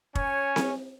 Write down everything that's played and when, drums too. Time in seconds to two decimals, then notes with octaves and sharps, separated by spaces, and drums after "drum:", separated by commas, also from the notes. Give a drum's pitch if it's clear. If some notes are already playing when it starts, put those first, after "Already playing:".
0.15 C#4 C#5 G#5, drum: kick
0.56 drum: snare C4